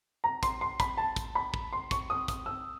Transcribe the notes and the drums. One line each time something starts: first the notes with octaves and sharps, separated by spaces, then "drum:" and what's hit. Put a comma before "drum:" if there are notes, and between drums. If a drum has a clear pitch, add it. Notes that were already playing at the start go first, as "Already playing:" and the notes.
A#5
C6, drum: kick, hi-hat
C6
B5, drum: kick, hi-hat
A5
drum: kick, hi-hat
B5
drum: kick
C6
C#6, drum: kick, hi-hat
D#6
D#6, drum: kick, hi-hat
E6